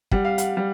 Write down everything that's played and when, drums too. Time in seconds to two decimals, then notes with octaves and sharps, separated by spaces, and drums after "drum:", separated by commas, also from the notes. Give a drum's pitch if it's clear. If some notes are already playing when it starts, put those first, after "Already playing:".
0.11 G3 F#5, drum: kick
0.25 F5
0.38 F#5, drum: hi-hat
0.57 G3